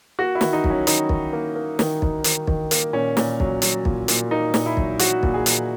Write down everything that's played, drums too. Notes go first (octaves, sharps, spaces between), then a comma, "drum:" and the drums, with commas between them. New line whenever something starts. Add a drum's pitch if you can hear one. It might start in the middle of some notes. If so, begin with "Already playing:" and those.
A#3 F#4
E4
D#3, drum: snare
D#4
F#3, drum: kick
C#4
D#3 D#4, drum: hi-hat
D#3, drum: kick
A#3
A#3
D#3, drum: snare
D#3, drum: kick
D#3, drum: hi-hat
D#3, drum: kick
A#3, drum: hi-hat
A#2 C#4
A#2, drum: snare
F#3, drum: kick
F#3, drum: hi-hat
A#2, drum: kick
A#2, drum: hi-hat
A#3 D#4
A#2, drum: snare
E4
F#3, drum: kick
F#3 F#4, drum: hi-hat
A#2, drum: kick
G#4
A#2, drum: hi-hat